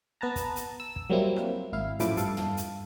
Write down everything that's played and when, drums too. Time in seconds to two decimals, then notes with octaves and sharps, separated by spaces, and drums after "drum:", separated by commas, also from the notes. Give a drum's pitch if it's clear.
0.21 B3 B4 A5 A#5
0.36 drum: kick, hi-hat
0.56 drum: hi-hat
0.80 E6
0.96 drum: kick
1.10 F#3 G3 A#3 C4 E4
1.36 drum: rim click
1.73 G#1 E4 F5
2.00 F#2 A2 F3 E4 D6, drum: hi-hat
2.17 G2 A4 F5, drum: hi-hat
2.37 drum: tom
2.57 drum: hi-hat